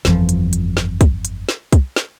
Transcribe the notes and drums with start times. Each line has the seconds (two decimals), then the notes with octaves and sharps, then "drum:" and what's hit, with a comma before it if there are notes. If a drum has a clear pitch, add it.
0.05 G1 F2 E3 F3, drum: snare
0.29 drum: hi-hat
0.53 drum: hi-hat
0.77 drum: snare
1.01 drum: kick, hi-hat
1.25 drum: hi-hat
1.49 drum: snare
1.73 drum: kick, hi-hat
1.96 drum: snare